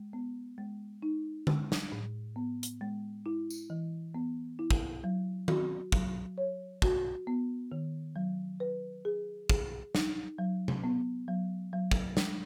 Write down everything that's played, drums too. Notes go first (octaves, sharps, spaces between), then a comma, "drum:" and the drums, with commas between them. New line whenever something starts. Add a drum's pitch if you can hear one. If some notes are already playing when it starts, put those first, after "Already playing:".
Already playing: G#3
B3
G#3
D#4
G#3, drum: tom D3
drum: snare
A2
B3
drum: hi-hat
G#3
E4
drum: tambourine
E3
B3
E4
drum: kick
F#3
F#4, drum: tom D#3
F#3, drum: kick
C#5
F#4, drum: kick
B3
D#3
F#3
B4
G#4
G#4, drum: kick
D#4, drum: snare
F#3
drum: tom C3
B3
F#3
F#3
drum: kick
G#3, drum: snare